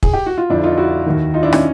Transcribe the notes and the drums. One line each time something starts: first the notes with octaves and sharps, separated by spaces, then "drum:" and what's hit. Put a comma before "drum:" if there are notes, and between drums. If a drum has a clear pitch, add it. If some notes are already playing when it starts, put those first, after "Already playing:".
G#4, drum: kick
G4
F#4
F4
F2 D3 F3 D4 E4
D#4 F4
E4 F#4
D#2 D#3
D#4 F4
D4 E4
C#4 D#4, drum: rim click